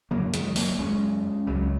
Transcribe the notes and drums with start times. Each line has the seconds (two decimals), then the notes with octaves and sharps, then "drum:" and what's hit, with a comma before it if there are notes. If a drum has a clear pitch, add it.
0.11 F#2 C#3 F#3 A#3
0.34 D#3 G#3, drum: hi-hat
0.56 F#3 A#3, drum: open hi-hat
0.79 G#3 C#4
1.47 C#2 C#3 F#3